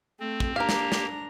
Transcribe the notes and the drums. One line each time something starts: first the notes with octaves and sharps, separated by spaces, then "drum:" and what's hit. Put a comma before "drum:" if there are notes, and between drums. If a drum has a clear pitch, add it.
A3 C4
drum: kick
A#3 D4 G4 A#4 F5 A#5
drum: snare
drum: snare